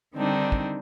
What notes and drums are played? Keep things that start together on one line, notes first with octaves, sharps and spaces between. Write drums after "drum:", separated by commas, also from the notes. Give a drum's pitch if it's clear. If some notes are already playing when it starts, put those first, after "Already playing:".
D3 D#3 G3 C4 D4 D#4
drum: kick